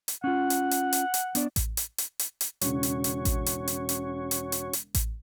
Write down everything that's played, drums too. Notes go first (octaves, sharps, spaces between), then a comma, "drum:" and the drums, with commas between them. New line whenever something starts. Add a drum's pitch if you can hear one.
drum: hi-hat
C#4 F4 F#5
drum: hi-hat
drum: hi-hat
drum: hi-hat
drum: hi-hat
B3 D4 D5, drum: hi-hat
drum: kick A1, hi-hat
drum: hi-hat
drum: hi-hat
drum: hi-hat
drum: hi-hat
E1 C#3 C#4 F#4 C#5, drum: hi-hat
drum: hi-hat
drum: hi-hat
drum: kick A1, hi-hat
drum: hi-hat
drum: hi-hat
drum: hi-hat
drum: hi-hat
drum: hi-hat
drum: hi-hat
drum: kick A1, hi-hat